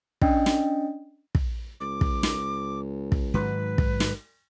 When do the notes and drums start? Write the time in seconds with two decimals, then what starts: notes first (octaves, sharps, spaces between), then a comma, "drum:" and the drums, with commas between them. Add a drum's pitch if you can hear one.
0.22 C#4 D4 D#5 G5, drum: kick
0.46 drum: snare
1.35 drum: kick
1.81 C#2 D6
2.01 drum: kick
2.23 drum: snare
3.12 drum: kick
3.34 G#2 D#3 F#3 B4
3.78 drum: kick
4.00 drum: snare